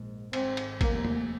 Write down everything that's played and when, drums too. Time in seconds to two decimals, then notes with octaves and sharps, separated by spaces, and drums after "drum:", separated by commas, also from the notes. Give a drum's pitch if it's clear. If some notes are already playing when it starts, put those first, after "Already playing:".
Already playing: A#1 G#2
0.33 G#1 G#2 C4, drum: cymbal
0.57 drum: cymbal
0.81 F1 D#2 A#3, drum: kick, cymbal
1.05 drum: tom E2